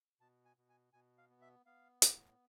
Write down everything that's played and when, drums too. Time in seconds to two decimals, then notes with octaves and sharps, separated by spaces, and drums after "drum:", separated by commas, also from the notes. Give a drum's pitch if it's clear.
0.20 B2 A5
0.45 G#5
0.57 B2
0.69 G#5
0.93 B2 G#5
1.18 F5
1.30 B3
1.41 E5
1.66 B3 F5
2.02 A2, drum: hi-hat